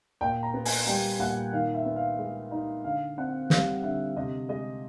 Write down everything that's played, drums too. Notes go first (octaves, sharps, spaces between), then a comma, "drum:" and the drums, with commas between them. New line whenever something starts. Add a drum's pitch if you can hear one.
A#2 G5
A#5
B3
G#5, drum: open hi-hat
G3 G5
A#2 F#5
D#3 F5
E5
B3
F5
G#3
D#4
D3 F5
C4 F#5
G3 F5, drum: snare
D3 E5
C3 D#5
G#3 D#5